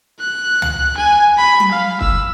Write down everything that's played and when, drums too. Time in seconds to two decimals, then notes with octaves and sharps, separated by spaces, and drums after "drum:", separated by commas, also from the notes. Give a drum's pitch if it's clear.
0.20 F#6
0.62 drum: tom
0.97 G#5
1.38 B5
1.60 drum: tom F#3
1.71 F5
2.01 E6, drum: kick